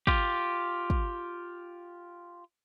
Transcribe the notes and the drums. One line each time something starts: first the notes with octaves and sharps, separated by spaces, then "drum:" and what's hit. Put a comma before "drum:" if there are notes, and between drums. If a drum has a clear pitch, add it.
F4 G4, drum: kick
drum: kick